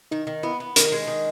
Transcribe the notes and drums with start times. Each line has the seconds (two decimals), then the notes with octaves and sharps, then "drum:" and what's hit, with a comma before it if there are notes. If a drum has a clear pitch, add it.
0.11 D#3 D#4
0.27 D#3
0.43 B3 E4
0.60 B3
0.76 D#3 A#4, drum: hi-hat
0.92 G#3
1.07 D#3